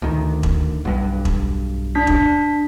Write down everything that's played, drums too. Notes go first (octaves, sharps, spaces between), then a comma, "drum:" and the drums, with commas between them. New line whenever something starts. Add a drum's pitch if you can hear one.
D2 D#3
drum: kick E1
B1 G2
drum: kick E1
D4 B6
drum: kick E1